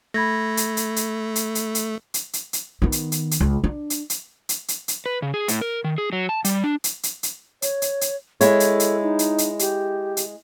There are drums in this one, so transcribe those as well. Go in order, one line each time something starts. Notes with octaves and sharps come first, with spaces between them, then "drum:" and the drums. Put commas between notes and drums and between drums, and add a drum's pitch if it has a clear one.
A3 B5 G#6 A#6
drum: hi-hat
drum: hi-hat
drum: hi-hat
drum: hi-hat
drum: hi-hat
drum: hi-hat
drum: hi-hat
drum: hi-hat
drum: hi-hat
D#3 B3
drum: hi-hat
drum: hi-hat
drum: hi-hat
C#2
D4
drum: hi-hat
drum: hi-hat
drum: hi-hat
drum: hi-hat
drum: hi-hat
B4
C#3
G#4
A2, drum: hi-hat
A#4
D#3
G#4
F#3
A5
G3, drum: hi-hat
D4
drum: hi-hat
drum: hi-hat
drum: hi-hat
C#5, drum: hi-hat
drum: hi-hat
drum: hi-hat
G#3 E4 A4 C#5, drum: hi-hat
drum: hi-hat
drum: hi-hat
D#4
drum: hi-hat
drum: hi-hat
G4, drum: hi-hat
drum: hi-hat